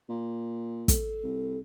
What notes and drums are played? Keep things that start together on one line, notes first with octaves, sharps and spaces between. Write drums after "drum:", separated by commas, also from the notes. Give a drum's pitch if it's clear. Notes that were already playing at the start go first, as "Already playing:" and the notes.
A#2
A4, drum: kick, hi-hat
C2